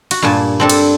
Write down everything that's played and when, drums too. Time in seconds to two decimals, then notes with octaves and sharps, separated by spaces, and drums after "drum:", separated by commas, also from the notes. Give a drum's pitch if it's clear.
0.11 F#4, drum: cymbal
0.22 G2 A#2 G#5 A5
0.60 C4 D4 A4
0.70 drum: cymbal